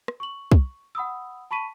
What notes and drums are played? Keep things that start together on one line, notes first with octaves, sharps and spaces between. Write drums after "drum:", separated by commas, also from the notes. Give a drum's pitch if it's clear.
drum: rim click
C#6 F#7
drum: kick
F#5 B5 D#6 E6
A5 B5 C#6 B6 D#7